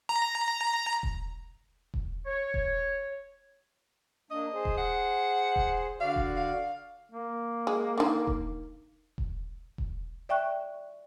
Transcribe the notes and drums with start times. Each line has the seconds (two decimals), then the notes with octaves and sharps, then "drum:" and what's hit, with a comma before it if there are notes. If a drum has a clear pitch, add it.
0.09 A#5
1.03 drum: kick E1
1.94 drum: kick E1
2.26 C#5
2.54 drum: kick E1
4.31 A#3 D4 D#5
4.53 G#4 C5
4.65 drum: kick E1
4.77 F#5
5.56 drum: kick E1
6.00 D3 F#4 D5 F5
6.16 drum: kick E1
6.36 F5
7.11 A#3
7.67 G#3
7.98 D3 D#3
8.27 drum: kick E1
9.18 drum: kick E1
9.78 drum: kick E1
10.29 D5 E5 G5 C#6 F#6